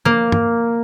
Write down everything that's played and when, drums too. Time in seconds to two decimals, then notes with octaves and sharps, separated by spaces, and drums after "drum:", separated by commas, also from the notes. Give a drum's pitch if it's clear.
0.05 A#3
0.32 drum: tom